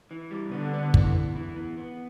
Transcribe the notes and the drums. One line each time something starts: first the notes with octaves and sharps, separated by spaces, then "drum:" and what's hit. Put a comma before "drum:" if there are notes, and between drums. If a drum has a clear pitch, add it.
E3
G3
D3 B3
B3
E3, drum: kick
B3
E3
B3
B3